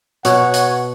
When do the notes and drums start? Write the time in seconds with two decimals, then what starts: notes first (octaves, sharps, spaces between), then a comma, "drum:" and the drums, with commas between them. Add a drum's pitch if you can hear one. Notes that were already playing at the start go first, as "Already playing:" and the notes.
0.25 B2 C#5 F#5, drum: hi-hat
0.54 drum: hi-hat